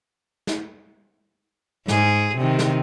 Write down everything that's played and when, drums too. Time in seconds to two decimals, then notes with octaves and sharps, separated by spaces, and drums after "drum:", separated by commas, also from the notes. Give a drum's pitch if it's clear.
0.47 drum: snare
1.88 G#2 G#4, drum: snare
2.37 C3 D#3
2.59 drum: snare